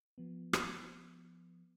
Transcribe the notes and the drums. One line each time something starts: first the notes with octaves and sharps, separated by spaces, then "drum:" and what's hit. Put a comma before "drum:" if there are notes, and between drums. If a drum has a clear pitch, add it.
F3 B3
drum: rim click